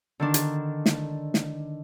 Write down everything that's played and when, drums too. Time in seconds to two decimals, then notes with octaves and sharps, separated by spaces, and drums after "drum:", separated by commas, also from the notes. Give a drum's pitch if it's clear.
0.20 D3 D#3 D4
0.34 drum: hi-hat
0.86 drum: snare
1.34 drum: snare